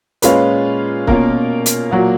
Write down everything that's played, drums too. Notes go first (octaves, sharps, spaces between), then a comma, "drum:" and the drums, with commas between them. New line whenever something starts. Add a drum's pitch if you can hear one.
A#2 G#3 C#4 F4 B4, drum: hi-hat
B2 A#3 C#4 F4 A#4, drum: kick C#1
drum: hi-hat
A#2 F#3 A#3 F#4